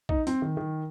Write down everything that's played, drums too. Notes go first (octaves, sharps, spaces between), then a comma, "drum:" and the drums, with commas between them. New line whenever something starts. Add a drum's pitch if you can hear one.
D#4, drum: kick B1
C4, drum: hi-hat
D#3
D#3